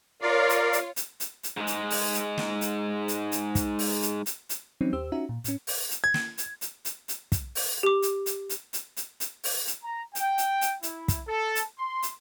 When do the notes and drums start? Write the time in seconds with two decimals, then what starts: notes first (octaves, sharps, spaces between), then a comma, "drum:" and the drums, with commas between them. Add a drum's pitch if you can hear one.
0.22 F4 A#4 C#5 D5 F5
0.49 drum: hi-hat
0.73 drum: hi-hat
0.96 drum: hi-hat
1.20 drum: hi-hat
1.43 drum: hi-hat
1.57 G#2 G#3
1.67 drum: hi-hat
1.90 drum: open hi-hat
2.14 drum: hi-hat
2.38 drum: snare
2.61 drum: hi-hat
3.08 drum: hi-hat
3.32 drum: hi-hat
3.55 drum: kick, hi-hat
3.79 drum: open hi-hat
4.02 drum: hi-hat
4.26 drum: hi-hat
4.49 drum: hi-hat
4.81 E3 F#3 G3 C4 C#4 D#4
4.93 D#2 G4 C5 E6
5.12 C#4 D#4 F4 F#4 E5 A#5
5.29 A#2
5.44 A2 C#4, drum: hi-hat
5.67 drum: open hi-hat
5.91 drum: hi-hat
6.04 G#6
6.14 drum: snare
6.38 drum: hi-hat
6.61 drum: hi-hat
6.85 drum: hi-hat
7.08 drum: hi-hat
7.32 drum: kick, hi-hat
7.55 drum: open hi-hat
7.83 G4 D6
8.02 drum: hi-hat
8.26 drum: hi-hat
8.49 drum: hi-hat
8.73 drum: hi-hat
8.97 drum: hi-hat
9.20 drum: hi-hat
9.44 drum: open hi-hat
9.67 drum: hi-hat
9.83 A#5
10.15 G5, drum: hi-hat
10.38 drum: hi-hat
10.61 drum: hi-hat
10.83 E4, drum: hi-hat
11.08 drum: kick, hi-hat
11.28 A4
11.55 drum: hi-hat
11.79 C6
12.03 drum: hi-hat